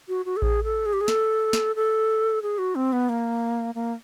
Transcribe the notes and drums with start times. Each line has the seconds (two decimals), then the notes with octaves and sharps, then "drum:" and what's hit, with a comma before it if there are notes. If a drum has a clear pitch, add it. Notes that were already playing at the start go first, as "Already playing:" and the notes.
0.08 F#4
0.25 F#4
0.37 A4
0.42 G#4, drum: kick A1
0.64 A4
0.86 G#4
0.93 G4
1.01 G#4
1.08 A4, drum: snare
1.53 drum: snare
1.76 A4
2.42 G#4
2.58 F#4
2.75 C4
2.93 B3
3.09 A#3
3.75 A#3